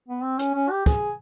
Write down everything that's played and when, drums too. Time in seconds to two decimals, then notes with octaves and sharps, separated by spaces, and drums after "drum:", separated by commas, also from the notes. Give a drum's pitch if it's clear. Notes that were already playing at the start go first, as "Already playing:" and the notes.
0.09 B3
0.23 C4
0.39 C#4, drum: hi-hat
0.55 C#4
0.71 G4
0.86 G#4, drum: kick, hi-hat